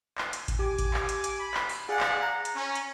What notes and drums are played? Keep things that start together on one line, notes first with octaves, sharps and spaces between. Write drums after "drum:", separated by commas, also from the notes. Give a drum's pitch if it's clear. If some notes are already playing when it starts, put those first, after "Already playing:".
drum: clap
drum: hi-hat
drum: kick G#1, hi-hat
G4 G#5 D6
drum: kick G#1, hi-hat
drum: clap
drum: hi-hat
drum: hi-hat
B5
drum: clap
drum: open hi-hat
G#4 D5 F5 F#5 G#5
drum: clap
A#5
drum: hi-hat
C#4
drum: hi-hat